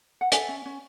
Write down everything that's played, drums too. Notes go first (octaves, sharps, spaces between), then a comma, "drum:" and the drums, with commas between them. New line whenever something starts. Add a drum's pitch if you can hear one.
F#5
A4 E5 G#5, drum: hi-hat
C#4
C#4